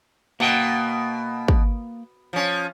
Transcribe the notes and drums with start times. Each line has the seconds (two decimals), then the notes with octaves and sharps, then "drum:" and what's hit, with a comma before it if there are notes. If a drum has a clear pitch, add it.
0.40 B2 A#3 F#5 G5
1.48 drum: kick
2.33 F3 C#4